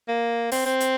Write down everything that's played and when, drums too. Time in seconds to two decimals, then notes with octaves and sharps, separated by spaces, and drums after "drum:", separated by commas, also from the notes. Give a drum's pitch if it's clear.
0.08 A#3
0.52 C4, drum: open hi-hat
0.66 C4
0.80 drum: hi-hat